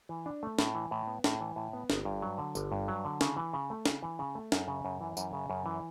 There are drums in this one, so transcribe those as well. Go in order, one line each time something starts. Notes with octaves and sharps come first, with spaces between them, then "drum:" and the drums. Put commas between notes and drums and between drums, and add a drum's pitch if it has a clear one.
E3
D4
A3
A2, drum: snare
E3
A2
B3
A2, drum: snare
E3
A2
B3
G1, drum: snare
G2
F#3
D3
G1, drum: tambourine
G2
F#3
D3
C#3, drum: snare
E3
C#3
A3
C#3, drum: snare
E3
C#3
A3
F#2, drum: snare
C#3
F#2
E3
F#2, drum: tambourine
C#3
F#2
E3